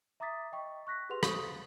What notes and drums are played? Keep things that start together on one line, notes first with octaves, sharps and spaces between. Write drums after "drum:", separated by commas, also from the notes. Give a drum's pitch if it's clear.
E5 A#5 D6 D#6 A6 B6
D#5 G5 C#6
C#6 F#6 A#6 B6
G4 G#4 B4 F#5 C6 F7
C#6 D#6, drum: rim click
A6